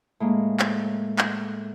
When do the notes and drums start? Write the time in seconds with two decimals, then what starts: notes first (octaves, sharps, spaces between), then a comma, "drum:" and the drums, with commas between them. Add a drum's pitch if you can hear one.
0.20 A2 G#3 A#3
0.60 drum: clap
1.19 drum: clap